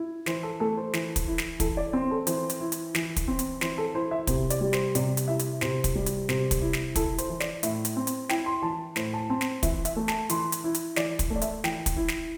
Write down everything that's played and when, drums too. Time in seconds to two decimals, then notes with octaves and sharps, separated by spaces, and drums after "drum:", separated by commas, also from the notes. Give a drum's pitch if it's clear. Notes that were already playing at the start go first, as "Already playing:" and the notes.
Already playing: E4
0.26 E3 C5, drum: snare
0.43 A4
0.60 A3 A4
0.77 C5
0.93 E3, drum: snare
1.16 drum: kick, hi-hat
1.28 E4
1.38 drum: snare
1.60 E3 A4, drum: kick, hi-hat
1.77 D5
1.93 C4 C6
2.11 A4
2.27 E3 C5, drum: hi-hat
2.50 drum: hi-hat
2.61 E4
2.72 drum: hi-hat
2.95 E3, drum: snare
3.16 drum: kick, hi-hat
3.28 C4
3.39 drum: hi-hat
3.61 E3 C5, drum: snare
3.78 A4
3.94 E4 C5
4.11 E5
4.27 C3 C5, drum: kick, hi-hat
4.50 D5, drum: hi-hat
4.61 G3
4.73 C5, drum: snare
4.95 C3 D5, drum: hi-hat
5.17 drum: hi-hat
5.28 E4 E5
5.39 drum: hi-hat
5.61 C3 C5, drum: snare
5.84 drum: kick, hi-hat
5.95 G3
6.06 drum: hi-hat
6.29 C3 C5, drum: snare
6.51 drum: kick, hi-hat
6.62 E4
6.73 drum: snare
6.96 E4 A4, drum: kick, hi-hat
7.18 C5, drum: hi-hat
7.29 E3
7.40 D5, drum: snare
7.63 A2 E5, drum: hi-hat
7.85 drum: hi-hat
7.96 C4
8.07 drum: hi-hat
8.29 E4 G5, drum: snare
8.46 C6
8.63 E3 A5
8.96 A2 C5, drum: snare
9.13 A5
9.30 C4 A5
9.41 drum: snare
9.63 E3 E5, drum: kick, hi-hat
9.85 E5, drum: hi-hat
9.96 A3
10.08 A5, drum: snare
10.30 E3 C6, drum: hi-hat
10.52 drum: hi-hat
10.64 E4
10.75 drum: hi-hat
10.96 E3 D5, drum: snare
11.19 drum: kick, hi-hat
11.30 A3
11.36 D5
11.42 E5, drum: hi-hat
11.64 E3 G5, drum: snare
11.86 drum: kick, hi-hat
11.97 E4
12.08 drum: snare